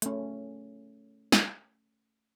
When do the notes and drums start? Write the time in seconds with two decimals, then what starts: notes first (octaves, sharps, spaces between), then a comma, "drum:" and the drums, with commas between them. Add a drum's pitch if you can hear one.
0.02 A3 C#4, drum: hi-hat
1.32 drum: snare